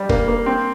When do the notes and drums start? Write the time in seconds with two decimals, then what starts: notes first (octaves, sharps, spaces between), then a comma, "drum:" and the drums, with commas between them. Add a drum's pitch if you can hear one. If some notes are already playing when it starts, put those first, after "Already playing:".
Already playing: G3
0.09 A#3, drum: kick
0.28 A#3
0.46 C4